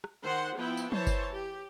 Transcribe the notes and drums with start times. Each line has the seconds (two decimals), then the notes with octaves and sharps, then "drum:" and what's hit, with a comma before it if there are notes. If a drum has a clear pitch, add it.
0.04 drum: rim click
0.23 D#3 C5 F#5 C6
0.57 F3 B3 E4 G5
0.77 drum: tambourine
0.92 E3 C5 C#5 A5, drum: tom
1.07 drum: kick G1, tambourine
1.32 G4